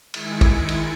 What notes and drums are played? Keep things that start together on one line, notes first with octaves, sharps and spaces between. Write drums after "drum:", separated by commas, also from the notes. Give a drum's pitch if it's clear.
D#3 G#3 E4 G#5 C#7 D7, drum: cymbal
drum: kick, cymbal
drum: cymbal